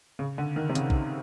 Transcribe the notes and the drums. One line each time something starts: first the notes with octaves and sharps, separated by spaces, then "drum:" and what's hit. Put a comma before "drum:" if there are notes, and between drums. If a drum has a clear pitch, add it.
C#3
D3
D#3
C3
C#3, drum: hi-hat
drum: kick